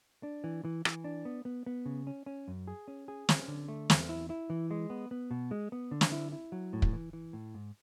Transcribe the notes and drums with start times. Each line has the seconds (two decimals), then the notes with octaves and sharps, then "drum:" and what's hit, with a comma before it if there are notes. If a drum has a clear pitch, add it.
0.23 D4
0.44 E3
0.65 E3
0.85 E3, drum: rim click
1.04 D4
1.25 B3
1.45 B3
1.66 B3
1.86 C#3
2.07 C#4
2.26 C#4
2.48 F#2
2.68 G#4
2.88 C#4
3.08 G#4
3.29 C#4, drum: snare
3.48 D3
3.68 A3
3.90 E2, drum: snare
4.09 E4
4.30 E4
4.50 E3
4.71 G#3
4.90 B3
5.11 B3
5.31 B2
5.51 G#3
5.72 B3
5.91 D3
6.01 drum: snare
6.12 E4
6.32 E4
6.52 F#3
6.73 A2
6.82 drum: kick
6.93 E3
7.13 E3
7.33 A2
7.55 G#2